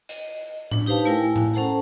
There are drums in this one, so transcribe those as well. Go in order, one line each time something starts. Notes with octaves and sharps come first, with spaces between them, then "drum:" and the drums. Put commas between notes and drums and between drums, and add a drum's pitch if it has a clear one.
D#5, drum: hi-hat
D4, drum: tom A2
D#4 G4 B4 C5 F5 A5
A3 E4 A#4 G5 G#5
drum: tom A2
C#4 A4 C5 F#5 A5 A#5